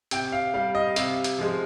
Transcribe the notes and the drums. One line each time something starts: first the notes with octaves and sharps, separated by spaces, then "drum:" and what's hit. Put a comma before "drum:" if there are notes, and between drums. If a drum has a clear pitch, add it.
C3 G5, drum: hi-hat
F5
G3 F5
D#5
C3 F5, drum: hi-hat
drum: hi-hat
F3 G#3